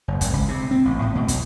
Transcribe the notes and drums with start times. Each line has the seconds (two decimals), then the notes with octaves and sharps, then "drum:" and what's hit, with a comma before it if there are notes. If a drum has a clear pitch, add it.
0.08 F#1
0.21 G#1, drum: kick, hi-hat
0.33 C#2
0.48 C3
0.71 C4
0.85 A1
1.02 A2
1.15 B2
1.28 B1, drum: kick, hi-hat